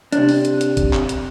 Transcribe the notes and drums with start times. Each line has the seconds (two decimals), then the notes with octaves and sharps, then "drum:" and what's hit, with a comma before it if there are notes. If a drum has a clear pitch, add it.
0.12 C3 D4, drum: hi-hat
0.29 drum: open hi-hat
0.45 drum: hi-hat
0.61 drum: hi-hat
0.77 drum: kick, hi-hat
0.93 drum: clap
1.09 drum: hi-hat